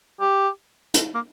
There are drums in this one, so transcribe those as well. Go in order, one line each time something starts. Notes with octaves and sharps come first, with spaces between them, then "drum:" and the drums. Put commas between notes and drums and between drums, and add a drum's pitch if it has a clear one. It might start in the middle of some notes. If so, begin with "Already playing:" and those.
G4
drum: hi-hat
A#3